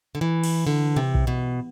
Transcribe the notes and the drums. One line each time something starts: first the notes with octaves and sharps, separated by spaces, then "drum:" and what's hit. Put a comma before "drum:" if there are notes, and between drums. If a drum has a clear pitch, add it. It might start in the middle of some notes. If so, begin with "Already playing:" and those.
D3
E3
drum: cymbal
D3
C3
drum: kick B1
B2